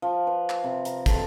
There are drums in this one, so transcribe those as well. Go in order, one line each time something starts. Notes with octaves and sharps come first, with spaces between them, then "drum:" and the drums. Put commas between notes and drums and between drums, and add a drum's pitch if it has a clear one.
F3
B4
drum: clap
C3
A#5, drum: hi-hat
A4, drum: kick, hi-hat